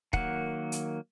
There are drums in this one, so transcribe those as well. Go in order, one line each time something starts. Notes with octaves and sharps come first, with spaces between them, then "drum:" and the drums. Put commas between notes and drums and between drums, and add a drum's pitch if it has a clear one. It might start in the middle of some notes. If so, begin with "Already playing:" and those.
D#3 F#3 A#3 F#5, drum: kick
drum: hi-hat